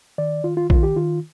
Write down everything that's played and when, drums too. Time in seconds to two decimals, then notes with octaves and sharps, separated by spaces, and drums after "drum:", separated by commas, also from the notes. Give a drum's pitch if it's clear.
0.18 D#3 D5
0.44 D#3 F4
0.57 F4
0.70 D#3 F4, drum: kick A#1
0.83 G4
0.96 D#3 F4